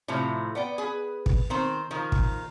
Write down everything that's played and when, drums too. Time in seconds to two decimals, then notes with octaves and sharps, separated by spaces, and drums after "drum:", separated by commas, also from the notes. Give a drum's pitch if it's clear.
0.08 A2 C3 F3
0.55 B3 D5 G5
0.78 G#4 B4
1.26 drum: kick
1.50 D#3 C4 C5
1.91 D#3 F3
2.12 drum: kick